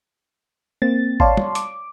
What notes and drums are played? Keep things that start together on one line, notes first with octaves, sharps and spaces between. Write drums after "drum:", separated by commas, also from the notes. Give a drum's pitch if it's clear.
A#3 C4 A6
C#5 D5 F5 A5 C6, drum: kick G#1
drum: tom
D6, drum: hi-hat